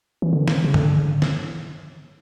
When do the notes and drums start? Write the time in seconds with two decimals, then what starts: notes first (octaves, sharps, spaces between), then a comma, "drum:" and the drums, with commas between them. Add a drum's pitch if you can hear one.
0.22 E3
0.33 D3
0.48 drum: snare
0.64 C#3
0.74 D3, drum: tom G2
1.22 drum: snare